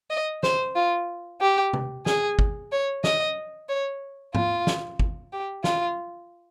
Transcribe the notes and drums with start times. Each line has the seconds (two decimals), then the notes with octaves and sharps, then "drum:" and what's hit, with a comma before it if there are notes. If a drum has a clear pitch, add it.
0.10 D#5
0.43 C5, drum: snare
0.76 F4
1.41 G4
1.73 drum: tom C3
2.06 G#4, drum: snare
2.39 drum: kick
2.72 C#5
3.04 D#5, drum: snare
3.69 C#5
4.35 F4, drum: tom G#2
4.67 drum: snare
5.00 drum: kick
5.33 G4
5.64 F4, drum: snare